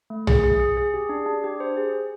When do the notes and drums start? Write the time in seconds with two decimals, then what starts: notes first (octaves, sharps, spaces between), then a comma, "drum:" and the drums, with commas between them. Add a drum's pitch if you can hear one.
0.10 A3
0.27 G#4, drum: tom
0.44 G#4
0.60 G#4
0.77 G#4
0.94 G4
1.09 D4
1.26 D4
1.44 G4
1.60 C5
1.77 G#4
1.93 G#4